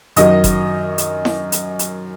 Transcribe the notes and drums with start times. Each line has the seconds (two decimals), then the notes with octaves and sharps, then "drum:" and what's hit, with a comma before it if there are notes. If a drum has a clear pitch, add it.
0.16 F#2 D#3 F#3 D#5, drum: hi-hat
0.44 drum: kick F#1, hi-hat
0.98 drum: hi-hat
1.25 drum: snare E4
1.52 drum: hi-hat
1.79 drum: hi-hat